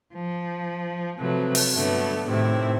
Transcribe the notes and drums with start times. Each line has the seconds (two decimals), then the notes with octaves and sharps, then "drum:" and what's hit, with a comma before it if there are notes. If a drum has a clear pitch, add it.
0.14 F3
1.18 C3 F3 F#3 A3 B4
1.55 drum: open hi-hat
1.73 G2 D3 F#3 A3 B3
2.24 A2 C3 D#3 E4